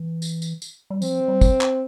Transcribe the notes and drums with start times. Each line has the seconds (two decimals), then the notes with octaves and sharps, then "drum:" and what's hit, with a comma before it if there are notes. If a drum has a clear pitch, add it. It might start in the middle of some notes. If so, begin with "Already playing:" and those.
Already playing: E3
0.22 drum: tambourine
0.42 drum: tambourine
0.62 drum: tambourine
0.90 G3
1.02 F3 C4, drum: tambourine
1.28 G3
1.41 drum: kick, tambourine
1.61 drum: clap